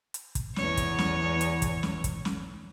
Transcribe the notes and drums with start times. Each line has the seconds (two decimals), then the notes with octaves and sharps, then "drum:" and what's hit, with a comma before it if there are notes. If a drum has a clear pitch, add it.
0.14 drum: hi-hat
0.35 drum: kick, hi-hat
0.56 E2 C#5, drum: snare
0.77 drum: kick, hi-hat
0.98 drum: snare
1.41 drum: hi-hat
1.62 drum: kick, hi-hat
1.83 drum: snare
2.04 drum: kick, hi-hat
2.25 drum: snare